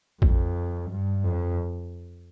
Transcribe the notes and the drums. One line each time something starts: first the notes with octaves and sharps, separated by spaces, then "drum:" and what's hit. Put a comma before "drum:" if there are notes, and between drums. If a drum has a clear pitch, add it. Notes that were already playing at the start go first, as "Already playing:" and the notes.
F2, drum: kick A#1
G2
F2